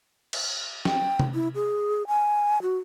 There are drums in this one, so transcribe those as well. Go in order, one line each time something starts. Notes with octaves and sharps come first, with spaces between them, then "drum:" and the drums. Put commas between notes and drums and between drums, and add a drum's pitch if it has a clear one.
drum: cymbal
G5, drum: snare
drum: tom C3
E4
G#4
G#5
F#4